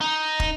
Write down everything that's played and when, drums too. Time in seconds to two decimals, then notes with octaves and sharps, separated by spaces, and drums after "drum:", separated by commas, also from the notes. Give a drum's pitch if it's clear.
0.01 D#4
0.40 drum: kick